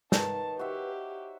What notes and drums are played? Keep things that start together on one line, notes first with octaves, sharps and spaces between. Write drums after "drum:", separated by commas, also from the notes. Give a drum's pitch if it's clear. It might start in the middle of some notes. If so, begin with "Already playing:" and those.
D#3 B4 C#5 A5, drum: snare
F#4 G4 C5 E5